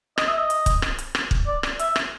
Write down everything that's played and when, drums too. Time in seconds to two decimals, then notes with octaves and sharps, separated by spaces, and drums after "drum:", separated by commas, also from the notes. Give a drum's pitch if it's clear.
0.18 D#5, drum: rim click
0.27 E5
0.37 D#5
0.50 drum: hi-hat
0.66 drum: kick, hi-hat
0.82 drum: rim click
0.98 drum: hi-hat
1.15 drum: rim click
1.31 drum: kick
1.47 D5
1.63 drum: rim click
1.79 E5, drum: hi-hat
1.96 drum: rim click